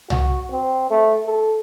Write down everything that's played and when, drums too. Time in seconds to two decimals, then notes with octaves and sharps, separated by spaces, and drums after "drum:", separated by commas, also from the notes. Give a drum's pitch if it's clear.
0.10 F#4, drum: tom
0.51 C4
0.90 A3
1.26 A4